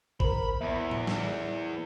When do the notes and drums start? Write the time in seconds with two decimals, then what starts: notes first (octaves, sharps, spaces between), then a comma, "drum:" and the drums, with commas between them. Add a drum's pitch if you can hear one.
0.20 A#4 C5 B5, drum: kick G#1
0.61 E2 E5
0.91 drum: tom A2
1.07 drum: snare